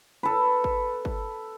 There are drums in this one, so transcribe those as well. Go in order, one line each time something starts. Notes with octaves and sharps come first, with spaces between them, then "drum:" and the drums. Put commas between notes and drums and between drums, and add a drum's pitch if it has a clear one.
A4 B4
drum: kick
drum: kick